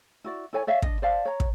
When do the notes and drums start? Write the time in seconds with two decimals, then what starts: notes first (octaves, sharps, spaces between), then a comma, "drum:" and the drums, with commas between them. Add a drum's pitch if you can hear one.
0.24 E4 F#4 D5
0.53 E4 A4 C#5 G#5
0.67 C#5 D5 E5 F5
0.82 D4 D#5, drum: kick
1.02 C5 D5 F5 A5
1.25 C#5 A#5
1.40 drum: kick